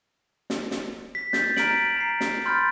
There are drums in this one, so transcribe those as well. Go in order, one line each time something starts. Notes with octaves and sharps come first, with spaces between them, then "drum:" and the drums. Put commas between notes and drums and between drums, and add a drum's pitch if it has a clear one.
drum: snare
drum: snare
B6
G6 A6, drum: snare
A#5 F6 B6 D7 F#7, drum: snare
A#5 C7
drum: snare
B5 C6 F6 G6 A6